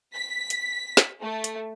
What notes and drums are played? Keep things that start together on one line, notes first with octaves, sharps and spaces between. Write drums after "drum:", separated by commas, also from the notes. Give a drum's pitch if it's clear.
B6
drum: hi-hat
drum: snare
A3
drum: hi-hat